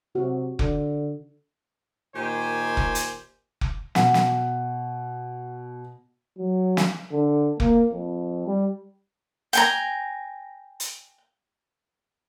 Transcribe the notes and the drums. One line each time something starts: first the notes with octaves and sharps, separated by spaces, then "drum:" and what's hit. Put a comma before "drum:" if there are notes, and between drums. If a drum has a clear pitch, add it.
C3 F#4
D3, drum: kick F1
A#2 D#3 G4 C5 G#5
drum: kick F1
drum: hi-hat
drum: kick F1
B2 F#5, drum: snare
drum: snare
F#3
drum: snare
D3
A#3, drum: kick F1
F2
G3
G5 G#5 A#5, drum: hi-hat
drum: hi-hat